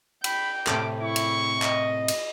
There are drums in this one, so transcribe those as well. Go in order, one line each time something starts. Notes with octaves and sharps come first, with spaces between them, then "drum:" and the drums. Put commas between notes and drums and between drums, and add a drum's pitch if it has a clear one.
G5 B5, drum: cymbal
A2 C3 A4 D6, drum: clap
E4 C#6
drum: cymbal
D#5, drum: clap
drum: cymbal